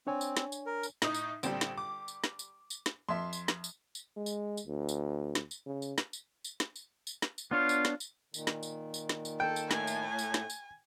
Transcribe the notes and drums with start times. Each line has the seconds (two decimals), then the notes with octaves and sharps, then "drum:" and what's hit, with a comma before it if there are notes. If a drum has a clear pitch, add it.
0.07 C4 D4 C#5 G#5
0.21 drum: tambourine
0.37 drum: snare
0.52 drum: tambourine
0.66 A#4
0.83 drum: tambourine
1.02 A2 D#4, drum: snare
1.14 drum: tambourine
1.43 A#1 D3 G3 C4 G5, drum: tambourine
1.61 drum: snare
1.78 D6
2.08 drum: tambourine
2.24 drum: snare
2.39 drum: tambourine
2.70 drum: tambourine
2.86 drum: snare
3.09 F2 E5 C6
3.33 drum: tambourine
3.48 drum: snare
3.64 drum: tambourine
3.95 drum: tambourine
4.17 G#3
4.26 drum: tambourine
4.57 drum: tambourine
4.67 D2
4.89 drum: tambourine
5.35 drum: snare
5.51 drum: tambourine
5.67 C#3
5.82 drum: tambourine
5.98 drum: snare
6.13 drum: tambourine
6.44 drum: tambourine
6.60 drum: snare
6.76 drum: tambourine
7.07 drum: tambourine
7.22 drum: snare
7.38 drum: tambourine
7.51 B3 D4 F4 C#5
7.69 drum: tambourine
7.85 drum: snare
8.00 drum: tambourine
8.34 A#2 D#3, drum: tambourine
8.47 drum: snare
8.63 drum: tambourine
8.94 drum: tambourine
9.09 drum: snare
9.25 drum: tambourine
9.40 A4 G5
9.56 drum: tambourine
9.71 A2 G#5, drum: snare
9.87 drum: tambourine
10.19 drum: tambourine
10.34 drum: snare
10.50 drum: tambourine